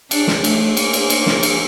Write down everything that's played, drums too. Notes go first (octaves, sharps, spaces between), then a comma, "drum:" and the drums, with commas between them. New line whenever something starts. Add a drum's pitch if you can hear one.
D4, drum: cymbal
drum: snare
A3, drum: cymbal
A#3, drum: cymbal
drum: cymbal
drum: cymbal
drum: snare
drum: cymbal